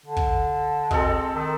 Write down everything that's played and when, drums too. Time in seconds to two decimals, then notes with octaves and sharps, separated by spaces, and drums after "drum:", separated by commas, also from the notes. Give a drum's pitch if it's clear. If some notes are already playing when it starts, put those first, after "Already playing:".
0.06 D3
0.17 drum: kick
0.91 B2 G#3 C4 A4, drum: kick
1.35 D#3